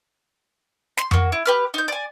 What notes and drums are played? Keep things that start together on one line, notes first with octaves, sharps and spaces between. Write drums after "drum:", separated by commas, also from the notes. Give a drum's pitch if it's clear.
C6, drum: snare
A#3 F#4, drum: tom F2
E4
G4 B4 F6
D#4 G6
D5 G#5